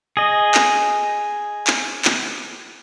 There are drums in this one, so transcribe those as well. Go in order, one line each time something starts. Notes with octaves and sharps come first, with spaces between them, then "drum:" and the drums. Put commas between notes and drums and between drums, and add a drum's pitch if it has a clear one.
G#4 D#5
drum: clap
drum: clap
drum: clap